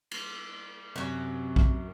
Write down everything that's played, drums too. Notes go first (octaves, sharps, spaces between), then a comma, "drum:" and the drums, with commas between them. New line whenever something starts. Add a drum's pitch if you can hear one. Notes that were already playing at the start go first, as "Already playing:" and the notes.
drum: cymbal
F#2 C3 F#3
drum: kick